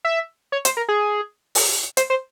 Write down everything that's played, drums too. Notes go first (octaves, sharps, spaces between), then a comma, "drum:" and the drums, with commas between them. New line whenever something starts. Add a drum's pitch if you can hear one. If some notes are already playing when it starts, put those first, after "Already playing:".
E5
C#5
C5, drum: hi-hat
A#4
G#4
drum: open hi-hat
C5, drum: hi-hat
C5